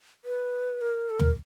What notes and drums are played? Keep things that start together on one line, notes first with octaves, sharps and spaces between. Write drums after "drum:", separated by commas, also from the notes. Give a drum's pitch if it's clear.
B4
A#4
A4
A#4, drum: tom